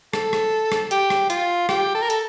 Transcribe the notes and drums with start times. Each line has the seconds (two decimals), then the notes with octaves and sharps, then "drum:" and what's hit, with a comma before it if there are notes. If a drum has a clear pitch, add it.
0.13 A4, drum: rim click
0.33 drum: rim click
0.72 drum: rim click
0.91 G4, drum: hi-hat
1.10 drum: rim click
1.30 F4, drum: hi-hat
1.69 G4, drum: rim click
1.95 A4
2.02 A#4
2.10 A4, drum: hi-hat